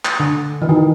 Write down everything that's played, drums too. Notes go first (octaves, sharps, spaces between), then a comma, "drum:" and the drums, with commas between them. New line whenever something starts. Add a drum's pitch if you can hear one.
drum: clap
D3
E3
D#3